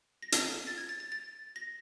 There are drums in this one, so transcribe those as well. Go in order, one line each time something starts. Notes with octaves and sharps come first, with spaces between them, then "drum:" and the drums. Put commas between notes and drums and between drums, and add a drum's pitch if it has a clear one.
A#6
drum: hi-hat
A6
G#6
A6
A6
A6
A#6